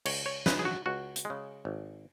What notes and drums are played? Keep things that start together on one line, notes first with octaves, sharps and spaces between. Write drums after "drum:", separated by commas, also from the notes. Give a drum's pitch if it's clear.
C#2 C#5, drum: cymbal
C#5
C#3 G#3 B4, drum: snare
G#4
F#4
C#2 F#4
drum: hi-hat
G#3
C#3
G#1